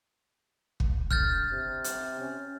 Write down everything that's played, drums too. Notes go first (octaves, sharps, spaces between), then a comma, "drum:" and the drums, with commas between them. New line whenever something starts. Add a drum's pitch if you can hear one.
drum: kick
D3 F6 G6 A6, drum: kick
C3
drum: hi-hat
C#4